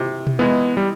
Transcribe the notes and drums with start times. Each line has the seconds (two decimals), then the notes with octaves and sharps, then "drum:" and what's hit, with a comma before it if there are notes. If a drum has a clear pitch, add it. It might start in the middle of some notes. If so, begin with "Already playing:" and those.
Already playing: C3 E3
0.27 drum: tom B2
0.39 E3 G#3 B3
0.77 G3